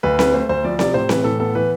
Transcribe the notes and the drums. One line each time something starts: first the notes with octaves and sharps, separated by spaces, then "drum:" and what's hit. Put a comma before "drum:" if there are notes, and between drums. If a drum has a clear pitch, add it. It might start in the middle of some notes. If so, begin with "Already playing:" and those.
D2 B4
A3 B4, drum: snare C4
A3 C5
D2 C5
F3 D5
C3 D5, drum: snare C4
A2 C5
E3 B4, drum: snare C4
A2 A4
B3 A4
E3 B4